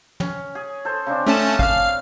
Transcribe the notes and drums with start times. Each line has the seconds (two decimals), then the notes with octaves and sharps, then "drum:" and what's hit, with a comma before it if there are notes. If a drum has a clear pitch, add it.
0.20 C#4, drum: tom
0.55 G#4
0.85 A4 C5
1.06 C#3 C4 D4
1.26 A3 C#4 A5
1.59 F5 F6, drum: kick